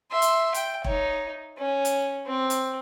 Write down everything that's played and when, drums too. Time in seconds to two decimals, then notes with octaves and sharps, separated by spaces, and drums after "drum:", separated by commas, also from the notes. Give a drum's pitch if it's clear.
0.11 E5 C6
0.22 drum: hi-hat
0.54 G5, drum: hi-hat
0.84 D#4 C#5, drum: kick E1
1.58 C#4
1.85 drum: hi-hat
2.26 C4
2.50 drum: hi-hat